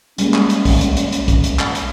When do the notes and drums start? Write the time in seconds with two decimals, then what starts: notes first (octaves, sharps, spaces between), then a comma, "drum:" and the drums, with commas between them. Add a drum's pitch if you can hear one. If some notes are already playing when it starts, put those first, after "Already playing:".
0.18 G3 G#3 A#3 C#4, drum: hi-hat
0.34 drum: clap
0.50 drum: hi-hat
0.65 drum: kick, open hi-hat
0.81 drum: hi-hat
0.97 drum: hi-hat
1.12 drum: hi-hat
1.28 drum: kick, hi-hat
1.44 drum: hi-hat
1.59 drum: clap
1.75 drum: hi-hat